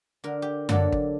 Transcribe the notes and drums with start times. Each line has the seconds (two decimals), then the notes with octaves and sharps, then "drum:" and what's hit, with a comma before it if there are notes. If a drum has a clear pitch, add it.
0.24 D3 A#4
0.42 G4
0.69 D3 F#3 A#3 A4 F#5, drum: tom F#2
0.92 drum: kick